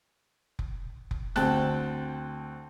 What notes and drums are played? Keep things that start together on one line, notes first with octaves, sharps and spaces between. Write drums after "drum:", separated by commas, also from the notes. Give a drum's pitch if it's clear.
drum: kick F1
drum: kick F1
D2 C4 G5 A5 F#6, drum: snare